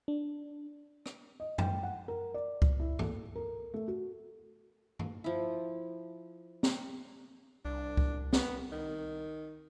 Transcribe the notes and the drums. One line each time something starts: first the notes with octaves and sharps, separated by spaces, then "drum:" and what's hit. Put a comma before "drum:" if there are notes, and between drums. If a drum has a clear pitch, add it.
D4
drum: rim click
D#5
G5, drum: tom F#2
F#5
A#4
D5
drum: kick C#2
E4
A4, drum: tom
A#4
A3
F#4
drum: tom
F3 E4
drum: snare
C2 D4
drum: kick C#2
B3, drum: snare
D#3